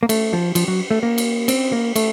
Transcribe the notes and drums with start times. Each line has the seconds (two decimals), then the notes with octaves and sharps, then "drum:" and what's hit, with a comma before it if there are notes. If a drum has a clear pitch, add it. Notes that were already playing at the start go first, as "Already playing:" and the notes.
0.03 A#3
0.09 A3, drum: cymbal
0.33 F3
0.55 F3, drum: cymbal
0.68 F#3
0.91 A3
1.03 A#3
1.18 drum: cymbal
1.48 C4, drum: cymbal
1.72 A#3
1.96 A3, drum: cymbal